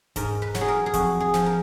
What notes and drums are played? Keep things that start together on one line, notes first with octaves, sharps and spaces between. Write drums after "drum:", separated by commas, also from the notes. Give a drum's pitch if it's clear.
G#2 A#4, drum: kick E1, hi-hat
B4
F#3, drum: snare
G#4
A#4
G#4
F2 F#4, drum: kick E1, hi-hat
G#4
F3, drum: snare
A#4